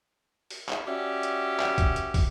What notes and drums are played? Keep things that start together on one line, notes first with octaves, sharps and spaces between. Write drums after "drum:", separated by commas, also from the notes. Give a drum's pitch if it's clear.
drum: open hi-hat
drum: clap
C#4 F#4 G4 D5 E5
drum: hi-hat
drum: clap
drum: kick, hi-hat
drum: hi-hat
drum: kick, open hi-hat